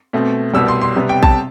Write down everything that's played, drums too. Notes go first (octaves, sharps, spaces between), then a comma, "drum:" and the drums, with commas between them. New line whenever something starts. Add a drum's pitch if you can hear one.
B2 A3 C4
C2 B2 G3 E6
C6
C6
C3 G3 B3
G5
A5, drum: kick A#1